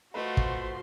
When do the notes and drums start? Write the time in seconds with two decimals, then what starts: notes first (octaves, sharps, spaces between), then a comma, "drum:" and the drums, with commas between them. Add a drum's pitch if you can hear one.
0.14 F3 A3 F#4 B4 D#5 C6
0.37 drum: kick